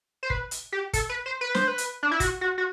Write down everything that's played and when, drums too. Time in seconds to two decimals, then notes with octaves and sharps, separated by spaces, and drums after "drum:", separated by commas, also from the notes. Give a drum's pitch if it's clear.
0.23 C5
0.30 B4, drum: kick
0.51 drum: hi-hat
0.72 G4
0.93 A4, drum: kick, hi-hat
1.09 B4
1.26 C5
1.41 B4
1.55 C5, drum: snare
1.68 B4
1.78 drum: hi-hat
2.03 D4
2.12 E4
2.20 F#4, drum: kick, hi-hat
2.41 F#4
2.58 F#4